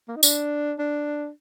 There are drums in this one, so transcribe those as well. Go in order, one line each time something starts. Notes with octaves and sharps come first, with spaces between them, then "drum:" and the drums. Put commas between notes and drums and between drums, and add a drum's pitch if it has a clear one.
A#3
D#4
D4, drum: tambourine
D4